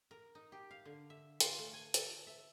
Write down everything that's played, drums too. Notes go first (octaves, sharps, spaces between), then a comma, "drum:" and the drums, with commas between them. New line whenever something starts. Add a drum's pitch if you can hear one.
A#4
D#4
G4
F5
D3
E5
F4, drum: hi-hat
A3
G#5
A4, drum: hi-hat
E5